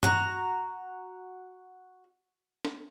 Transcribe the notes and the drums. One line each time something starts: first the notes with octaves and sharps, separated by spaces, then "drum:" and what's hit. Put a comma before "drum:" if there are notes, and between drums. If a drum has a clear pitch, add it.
F#4 A#5, drum: tom G2
drum: snare